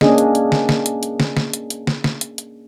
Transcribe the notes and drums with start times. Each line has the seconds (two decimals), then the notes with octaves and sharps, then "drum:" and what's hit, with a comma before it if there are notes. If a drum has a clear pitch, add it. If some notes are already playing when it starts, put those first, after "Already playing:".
0.01 A#3 C#4 D4 G#4 D#5, drum: snare
0.18 drum: hi-hat
0.35 drum: hi-hat
0.52 drum: snare
0.69 drum: snare
0.86 drum: hi-hat
1.03 drum: hi-hat
1.20 drum: snare
1.37 drum: snare
1.53 drum: hi-hat
1.70 drum: hi-hat
1.87 drum: snare
2.04 drum: snare
2.21 drum: hi-hat
2.38 drum: hi-hat